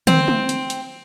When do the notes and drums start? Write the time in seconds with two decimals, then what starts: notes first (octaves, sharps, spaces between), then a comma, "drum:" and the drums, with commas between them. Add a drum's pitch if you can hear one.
0.07 C4, drum: tom
0.28 drum: tom
0.49 drum: hi-hat
0.70 drum: hi-hat